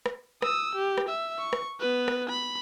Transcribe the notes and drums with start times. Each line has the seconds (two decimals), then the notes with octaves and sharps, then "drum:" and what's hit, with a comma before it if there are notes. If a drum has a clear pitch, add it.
0.06 drum: rim click
0.42 D#6 E6, drum: rim click
0.76 G4
0.98 drum: rim click
1.09 E5
1.39 C#6
1.53 drum: rim click
1.80 B3 B4
2.08 drum: rim click
2.30 B5